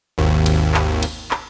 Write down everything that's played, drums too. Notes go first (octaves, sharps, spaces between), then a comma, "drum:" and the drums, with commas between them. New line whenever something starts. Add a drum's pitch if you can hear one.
G#1 D#2
drum: cymbal
drum: clap
drum: cymbal
drum: clap